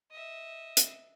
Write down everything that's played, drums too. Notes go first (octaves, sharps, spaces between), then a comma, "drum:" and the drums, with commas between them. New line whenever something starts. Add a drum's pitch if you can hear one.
D#5 E5
drum: hi-hat